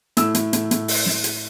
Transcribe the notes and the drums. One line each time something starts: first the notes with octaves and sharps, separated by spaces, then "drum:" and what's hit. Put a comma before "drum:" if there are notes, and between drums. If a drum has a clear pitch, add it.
A2 E6, drum: hi-hat
A2, drum: hi-hat
A2, drum: hi-hat
A2, drum: hi-hat
drum: open hi-hat
drum: snare
drum: hi-hat